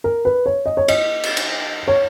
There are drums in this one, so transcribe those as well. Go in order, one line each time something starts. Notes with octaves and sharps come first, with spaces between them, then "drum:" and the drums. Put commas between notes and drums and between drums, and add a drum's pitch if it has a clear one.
A#4
B4
C#5
D#5
C#5
D#5, drum: cymbal
drum: cymbal
drum: cymbal
C#5